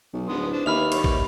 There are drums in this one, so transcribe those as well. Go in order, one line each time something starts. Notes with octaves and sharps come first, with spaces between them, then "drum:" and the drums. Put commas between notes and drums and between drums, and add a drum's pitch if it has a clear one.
B1
D1 B3 C6 D#6
D4 C5
D#2 B4 E5 B5 F6 F7
G3 C#5, drum: cymbal
drum: kick A1